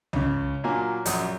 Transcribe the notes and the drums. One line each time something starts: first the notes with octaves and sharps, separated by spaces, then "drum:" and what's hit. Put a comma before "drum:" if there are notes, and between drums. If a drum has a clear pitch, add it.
C#2 C#3, drum: tom
A#2 F#3 A#3 D4 G#5
A#1 F#2 D#6, drum: hi-hat